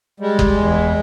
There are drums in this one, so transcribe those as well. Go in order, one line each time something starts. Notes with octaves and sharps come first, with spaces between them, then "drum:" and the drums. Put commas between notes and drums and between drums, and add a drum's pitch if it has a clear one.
G3 G#3
drum: kick F#1
E2